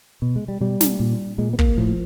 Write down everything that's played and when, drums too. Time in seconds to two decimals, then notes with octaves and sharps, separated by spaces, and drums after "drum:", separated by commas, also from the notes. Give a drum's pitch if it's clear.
0.22 B2
0.36 G#3
0.48 G3
0.61 B2 G3
0.81 drum: snare
1.00 A#2
1.38 A#2 G#3
1.53 B3
1.59 A#3, drum: kick
1.77 A2 F3